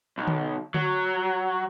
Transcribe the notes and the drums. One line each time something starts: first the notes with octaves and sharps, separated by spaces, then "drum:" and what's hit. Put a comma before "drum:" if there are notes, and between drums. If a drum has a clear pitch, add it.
B1
drum: tom D3
F#3, drum: tom D3